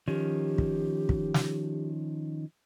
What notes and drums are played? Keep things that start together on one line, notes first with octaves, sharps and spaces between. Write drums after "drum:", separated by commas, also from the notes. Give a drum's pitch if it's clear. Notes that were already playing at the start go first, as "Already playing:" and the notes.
D#3 F3 C#4 G4
drum: kick
drum: kick
drum: snare